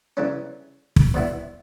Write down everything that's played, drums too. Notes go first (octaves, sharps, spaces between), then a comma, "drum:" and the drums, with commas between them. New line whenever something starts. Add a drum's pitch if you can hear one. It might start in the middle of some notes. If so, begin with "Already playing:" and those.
C#3 E3 G3 C#4
drum: kick
B2 G3 B3 E4